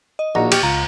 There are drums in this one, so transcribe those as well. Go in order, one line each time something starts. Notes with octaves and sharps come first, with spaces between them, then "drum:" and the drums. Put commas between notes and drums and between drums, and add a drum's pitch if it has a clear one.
D#5
A#1 D#4 F#4 A#5 C#6
G4 C#6 D6 F6, drum: cymbal
C#2 F4 A#5